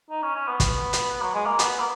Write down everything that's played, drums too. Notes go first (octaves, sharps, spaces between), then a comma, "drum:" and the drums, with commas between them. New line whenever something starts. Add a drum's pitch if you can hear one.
D#4
C#4
C#4
B3
drum: kick, hi-hat
drum: hi-hat
F#3
G#3
A#3
B3, drum: hi-hat
A#3